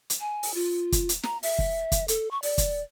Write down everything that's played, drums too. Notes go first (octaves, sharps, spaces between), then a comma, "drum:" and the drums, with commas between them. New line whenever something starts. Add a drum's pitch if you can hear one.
drum: hi-hat
G#5
drum: open hi-hat
F4
drum: kick, hi-hat
drum: hi-hat
A#5, drum: snare
E5, drum: open hi-hat
drum: kick
drum: kick, hi-hat
A4, drum: hi-hat
C#6
D5, drum: open hi-hat
drum: kick, hi-hat